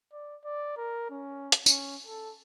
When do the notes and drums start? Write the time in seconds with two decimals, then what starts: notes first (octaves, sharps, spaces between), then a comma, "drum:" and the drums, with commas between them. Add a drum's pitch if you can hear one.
0.12 D5
0.44 D5
0.77 A#4
1.10 C#4
1.52 drum: hi-hat
1.66 C#4, drum: tambourine
2.07 A4